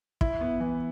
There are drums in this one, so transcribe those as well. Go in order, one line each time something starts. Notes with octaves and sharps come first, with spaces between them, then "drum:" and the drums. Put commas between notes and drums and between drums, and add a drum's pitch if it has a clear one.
E4, drum: kick
B3
E3